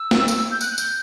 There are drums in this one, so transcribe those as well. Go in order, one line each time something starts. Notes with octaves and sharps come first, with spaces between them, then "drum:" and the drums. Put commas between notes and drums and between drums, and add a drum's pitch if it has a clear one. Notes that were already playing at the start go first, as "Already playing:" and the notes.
Already playing: E6
drum: snare
drum: tambourine
G6
F#6, drum: tambourine
F#6
G6, drum: tambourine